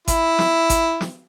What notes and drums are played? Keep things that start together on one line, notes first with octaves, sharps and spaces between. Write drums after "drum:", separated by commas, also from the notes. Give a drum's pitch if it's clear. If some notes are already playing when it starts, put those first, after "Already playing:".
E4, drum: kick G#1, hi-hat
drum: snare
drum: kick G#1, hi-hat
drum: snare